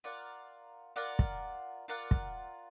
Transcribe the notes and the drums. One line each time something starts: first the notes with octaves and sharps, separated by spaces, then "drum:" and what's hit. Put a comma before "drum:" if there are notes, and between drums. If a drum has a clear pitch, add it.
F4 A#4 D5 F#5
F4 A#4 D5 F#5
drum: kick
F4 A#4 D5 F#5
drum: kick